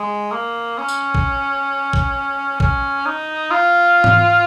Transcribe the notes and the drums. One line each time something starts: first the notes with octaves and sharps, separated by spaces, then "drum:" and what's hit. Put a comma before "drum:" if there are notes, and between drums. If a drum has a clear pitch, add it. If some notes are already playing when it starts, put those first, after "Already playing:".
Already playing: G#3
A#3
C#4
drum: tambourine
drum: kick
drum: kick
C#4, drum: kick
D#4
F4
drum: tom G#2